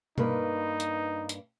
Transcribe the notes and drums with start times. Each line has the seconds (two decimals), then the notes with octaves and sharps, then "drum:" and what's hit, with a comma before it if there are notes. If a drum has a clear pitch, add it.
0.18 G2 A#3 D#4 B4, drum: tom B2
0.80 drum: hi-hat
1.29 drum: hi-hat